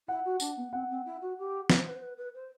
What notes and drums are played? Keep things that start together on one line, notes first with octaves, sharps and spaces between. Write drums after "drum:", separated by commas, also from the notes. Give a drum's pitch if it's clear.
E4 F#5
F#4
D4, drum: tambourine
B3
C4 F#5
C4
E4
F#4
G4
B4, drum: snare
C5
B4
C5
B4
B4
C5